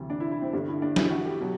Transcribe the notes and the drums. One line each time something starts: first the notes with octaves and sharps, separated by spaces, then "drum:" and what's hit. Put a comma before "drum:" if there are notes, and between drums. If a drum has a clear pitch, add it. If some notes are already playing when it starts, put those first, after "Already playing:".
Already playing: D2 C3 E3 G3
D4
E4
E4
C4
G1 G2 D3 D4
E4
D4
E4, drum: snare
F#4
G4
B2 F#3